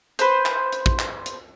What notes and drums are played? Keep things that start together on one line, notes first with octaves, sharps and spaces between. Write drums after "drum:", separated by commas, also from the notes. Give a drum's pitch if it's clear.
B4 C5, drum: hi-hat
drum: clap
drum: hi-hat
drum: kick
drum: clap
drum: hi-hat